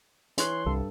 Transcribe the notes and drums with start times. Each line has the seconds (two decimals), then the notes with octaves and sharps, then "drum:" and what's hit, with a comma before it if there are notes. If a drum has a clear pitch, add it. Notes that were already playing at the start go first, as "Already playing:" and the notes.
0.38 E3 C#5 C6 F#6, drum: hi-hat
0.66 C2 G2 A4